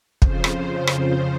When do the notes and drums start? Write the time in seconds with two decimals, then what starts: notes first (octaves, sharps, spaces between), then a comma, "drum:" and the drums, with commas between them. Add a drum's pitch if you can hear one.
0.22 F2 C#3 F3 C5, drum: kick
0.44 drum: rim click
0.87 drum: rim click